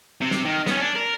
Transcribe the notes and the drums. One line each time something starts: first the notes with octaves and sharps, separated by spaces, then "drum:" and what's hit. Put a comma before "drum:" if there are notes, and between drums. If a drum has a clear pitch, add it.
C3
drum: snare
D#3
B3 C#4, drum: snare
D4
A#4